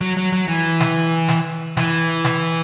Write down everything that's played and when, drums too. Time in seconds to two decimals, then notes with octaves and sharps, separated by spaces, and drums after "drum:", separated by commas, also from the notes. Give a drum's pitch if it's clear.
0.01 F#3
0.17 F#3
0.33 F#3
0.48 E3
0.80 drum: snare
1.29 drum: snare
1.77 E3, drum: snare
2.25 drum: snare